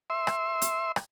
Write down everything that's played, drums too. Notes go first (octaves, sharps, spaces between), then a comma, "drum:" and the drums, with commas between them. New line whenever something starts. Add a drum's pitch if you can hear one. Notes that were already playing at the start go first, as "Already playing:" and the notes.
E5 C6
drum: rim click
drum: hi-hat
drum: rim click